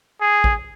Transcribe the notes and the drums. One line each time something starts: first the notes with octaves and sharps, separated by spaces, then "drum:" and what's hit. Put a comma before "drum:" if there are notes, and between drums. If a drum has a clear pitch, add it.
G#4
drum: kick A1